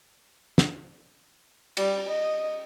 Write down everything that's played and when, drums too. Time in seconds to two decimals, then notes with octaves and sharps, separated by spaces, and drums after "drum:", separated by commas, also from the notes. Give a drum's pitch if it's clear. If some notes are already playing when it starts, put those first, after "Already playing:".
0.58 drum: snare
1.77 G3, drum: cymbal
2.09 D#5